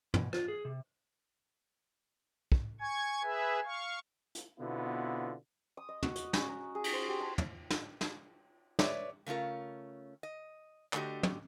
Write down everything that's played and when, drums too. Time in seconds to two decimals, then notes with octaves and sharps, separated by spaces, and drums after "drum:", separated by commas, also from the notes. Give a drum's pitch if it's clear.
0.14 B2, drum: tom
0.33 F4, drum: rim click
0.48 G#4
0.65 C3
2.52 drum: kick
2.81 G#5 C#6 G#6
3.23 G#4 B4 E5
3.64 F5 C#6
4.35 drum: hi-hat
4.59 B2 D3 B3 C4 E4 F4
5.77 D#6
5.89 D#5
6.03 F#4, drum: tom
6.16 D#5, drum: hi-hat
6.33 C#4, drum: snare
6.48 A#5
6.75 G#4
6.84 drum: cymbal
6.93 C5
7.08 G4
7.20 A5
7.38 drum: tom
7.70 drum: snare
8.01 drum: snare
8.79 B4 C#5 D5 E5, drum: snare
9.26 C#3 A3 C#4 F4 A#4
10.23 D#5
10.93 D3 A3 F#4 G4 D#5, drum: clap
11.23 drum: tom